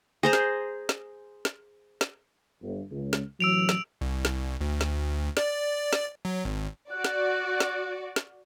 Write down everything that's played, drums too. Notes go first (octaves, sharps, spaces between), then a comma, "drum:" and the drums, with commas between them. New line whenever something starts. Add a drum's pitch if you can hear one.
G#4 C5 A#5
drum: snare
drum: snare
drum: snare
drum: snare
G1
C#2
drum: snare
A1 E3 F#3 E6 D7 F7
drum: snare
C2
drum: snare
D2
drum: snare
D5, drum: snare
drum: snare
F#3
G#1
F#4 D5 F#6
drum: snare
drum: snare
drum: snare